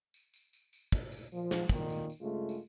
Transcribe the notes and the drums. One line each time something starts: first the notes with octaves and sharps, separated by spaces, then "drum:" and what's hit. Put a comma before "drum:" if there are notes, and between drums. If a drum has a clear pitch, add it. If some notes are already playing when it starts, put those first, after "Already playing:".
drum: tambourine
drum: tambourine
drum: tambourine
drum: tambourine
drum: kick, tambourine
drum: tambourine
A#2 F3, drum: tambourine
drum: snare
F2 A#2 D#3, drum: kick, tambourine
drum: tambourine
drum: tambourine
G2 C#3 G#3 A3 F4
drum: tambourine